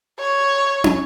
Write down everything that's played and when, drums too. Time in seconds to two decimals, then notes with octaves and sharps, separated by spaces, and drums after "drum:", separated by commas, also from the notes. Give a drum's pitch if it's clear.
0.19 C#5
0.84 drum: tom